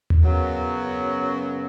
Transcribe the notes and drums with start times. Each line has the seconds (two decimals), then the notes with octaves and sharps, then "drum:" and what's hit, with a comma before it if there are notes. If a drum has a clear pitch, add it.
0.10 drum: tom D#2
0.19 F#2 C#3 F#3 B3